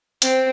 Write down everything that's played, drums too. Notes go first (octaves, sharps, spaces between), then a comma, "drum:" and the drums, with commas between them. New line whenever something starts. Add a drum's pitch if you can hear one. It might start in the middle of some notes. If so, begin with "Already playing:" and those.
C4, drum: hi-hat